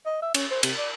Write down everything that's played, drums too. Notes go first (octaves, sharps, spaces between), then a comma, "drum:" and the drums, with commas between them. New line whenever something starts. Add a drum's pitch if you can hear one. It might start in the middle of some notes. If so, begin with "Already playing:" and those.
D#5
E5
C#4, drum: cymbal
C5
C3, drum: cymbal
D5